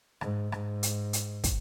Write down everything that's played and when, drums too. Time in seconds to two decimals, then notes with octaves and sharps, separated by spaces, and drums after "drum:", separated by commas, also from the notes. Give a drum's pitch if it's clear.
0.21 G#2, drum: rim click
0.52 G#2, drum: rim click
0.83 drum: hi-hat
1.13 drum: hi-hat
1.44 drum: kick, hi-hat